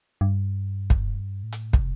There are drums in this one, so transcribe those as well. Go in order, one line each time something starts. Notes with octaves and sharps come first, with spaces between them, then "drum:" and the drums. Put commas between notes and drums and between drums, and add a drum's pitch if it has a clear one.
G2
drum: kick
A2
drum: hi-hat
C3, drum: kick